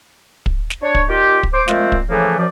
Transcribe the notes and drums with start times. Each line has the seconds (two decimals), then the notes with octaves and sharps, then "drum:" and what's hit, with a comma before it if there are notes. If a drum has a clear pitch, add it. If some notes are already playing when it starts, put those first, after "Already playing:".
0.46 drum: kick
0.70 drum: snare
0.82 D4 C#5
0.95 drum: kick
1.09 A#2 D#4 F4 G4
1.43 drum: kick
1.53 C5 D6
1.68 A#2 F3 G#3 A3 C4, drum: snare
1.92 drum: kick
2.10 A2 C#3 E3 F3 A3 A#3
2.37 F#2 F3 D5